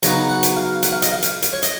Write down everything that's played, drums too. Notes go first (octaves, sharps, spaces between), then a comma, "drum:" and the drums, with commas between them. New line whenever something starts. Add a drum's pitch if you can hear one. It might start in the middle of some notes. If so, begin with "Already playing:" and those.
C#3 F#3 B3 D#4 A#5, drum: hi-hat
F#5
drum: hi-hat
F5
F#5, drum: hi-hat
F5
D#5, drum: hi-hat
F5
drum: hi-hat
drum: hi-hat
C#5
D#5, drum: hi-hat